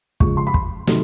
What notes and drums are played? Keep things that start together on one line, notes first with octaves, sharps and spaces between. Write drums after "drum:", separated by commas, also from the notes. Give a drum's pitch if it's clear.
C#3 F3 G#3 C#6, drum: kick
C6
B5
C6, drum: kick
C3 D#3 F#3 A3, drum: snare